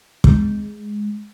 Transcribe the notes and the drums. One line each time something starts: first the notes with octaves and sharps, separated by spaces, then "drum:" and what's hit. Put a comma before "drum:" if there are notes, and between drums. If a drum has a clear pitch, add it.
G#3, drum: kick